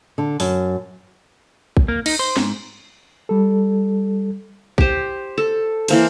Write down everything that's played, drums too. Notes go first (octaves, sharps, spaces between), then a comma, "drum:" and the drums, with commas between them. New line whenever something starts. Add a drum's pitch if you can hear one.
D3
F#2, drum: open hi-hat
drum: kick
A#3
D#4, drum: cymbal
C5
G#2, drum: snare
G3 A4
G4 C5, drum: kick
A4
E3 A#3 C5, drum: cymbal